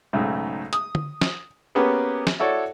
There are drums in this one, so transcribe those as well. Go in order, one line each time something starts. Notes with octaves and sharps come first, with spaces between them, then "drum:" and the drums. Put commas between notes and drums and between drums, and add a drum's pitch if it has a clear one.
B1 G#2 C#3 A3
D#6, drum: hi-hat
drum: tom
drum: snare
A#3 B3 C#4 G4 G#4 B4
drum: snare
E4 F#4 A4 C#5 D5